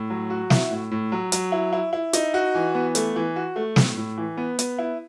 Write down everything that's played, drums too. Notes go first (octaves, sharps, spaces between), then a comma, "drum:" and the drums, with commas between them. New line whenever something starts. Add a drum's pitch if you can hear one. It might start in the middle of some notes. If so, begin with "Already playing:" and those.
Already playing: A2
F#3
F#4
E4, drum: snare
A2
A2
F#3
F#3, drum: hi-hat
E4
E4
E4
D#4, drum: hi-hat
F#4
E3
B3
A3, drum: hi-hat
E3
F#4
A3
A2, drum: snare
A2
E3
B3
B3, drum: hi-hat
E4